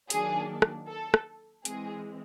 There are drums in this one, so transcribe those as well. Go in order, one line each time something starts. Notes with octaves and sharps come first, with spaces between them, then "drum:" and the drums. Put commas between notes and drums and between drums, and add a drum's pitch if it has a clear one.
D#3 F#3 A#3 D4 G#4, drum: hi-hat
drum: rim click
A4
drum: rim click
E3 G#3 C4 G#4, drum: hi-hat